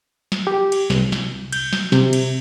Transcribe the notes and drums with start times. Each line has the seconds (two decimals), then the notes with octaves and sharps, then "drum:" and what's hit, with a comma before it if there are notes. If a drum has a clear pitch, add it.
0.32 drum: snare
0.47 G4
0.72 drum: cymbal
0.90 C2, drum: snare
1.12 drum: snare
1.53 G6, drum: cymbal
1.73 drum: snare
1.92 C3, drum: snare
2.13 drum: cymbal